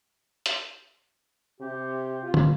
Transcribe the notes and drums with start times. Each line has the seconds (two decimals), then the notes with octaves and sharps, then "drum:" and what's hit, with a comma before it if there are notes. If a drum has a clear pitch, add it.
0.46 drum: hi-hat
1.61 C3 G4
2.23 F4
2.34 drum: tom